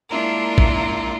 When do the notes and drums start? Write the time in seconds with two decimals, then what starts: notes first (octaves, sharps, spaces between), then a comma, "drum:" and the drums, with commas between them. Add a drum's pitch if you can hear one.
0.10 G#3 A#3 D4 E4 F4 A#4
0.58 drum: kick A#1